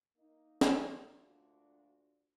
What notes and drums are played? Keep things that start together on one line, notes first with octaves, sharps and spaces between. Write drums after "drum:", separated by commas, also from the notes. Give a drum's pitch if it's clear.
A#3 D#4
drum: snare
D2 A#2 D4 F4 F#4